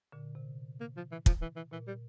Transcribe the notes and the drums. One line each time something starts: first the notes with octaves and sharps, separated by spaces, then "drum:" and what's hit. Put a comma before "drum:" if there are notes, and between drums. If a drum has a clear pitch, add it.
A#2 D3
C3
A#3
F3
E3
F3, drum: kick
E3
E3
A#2 E3
G3